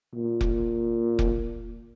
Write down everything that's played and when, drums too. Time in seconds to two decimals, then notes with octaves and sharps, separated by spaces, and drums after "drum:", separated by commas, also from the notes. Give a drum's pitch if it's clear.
0.14 A#2
0.41 drum: kick F1
1.19 drum: kick F1